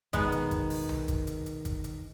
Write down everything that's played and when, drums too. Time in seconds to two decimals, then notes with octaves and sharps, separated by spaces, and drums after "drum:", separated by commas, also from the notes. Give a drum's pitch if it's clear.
0.13 B2 D#3 G#3 B3, drum: kick, hi-hat
0.32 drum: hi-hat
0.51 drum: kick, hi-hat
0.70 drum: open hi-hat
0.89 drum: tom C2
1.08 drum: kick, hi-hat
1.27 drum: hi-hat
1.46 drum: hi-hat
1.65 drum: kick, hi-hat
1.84 drum: hi-hat